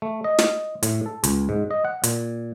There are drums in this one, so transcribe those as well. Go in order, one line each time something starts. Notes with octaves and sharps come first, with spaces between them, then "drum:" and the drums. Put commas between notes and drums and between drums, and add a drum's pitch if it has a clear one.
A3
D#5
drum: snare
A2, drum: hi-hat
A4
C#2, drum: hi-hat
G#2
D#5
F#5
A#2, drum: hi-hat